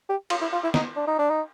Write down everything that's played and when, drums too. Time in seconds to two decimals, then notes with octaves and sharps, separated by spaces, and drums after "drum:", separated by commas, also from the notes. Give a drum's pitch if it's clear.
0.09 G4
0.30 F4, drum: cymbal
0.42 E4
0.53 F4
0.64 E4
0.74 D#4, drum: snare
0.96 D4
1.07 D#4
1.18 D4
1.30 D#4